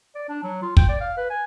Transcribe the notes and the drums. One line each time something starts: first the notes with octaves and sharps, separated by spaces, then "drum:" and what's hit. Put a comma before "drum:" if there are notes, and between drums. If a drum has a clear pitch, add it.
D5
D4
F#3
F4
G5, drum: kick
D5
F5
B4
G#5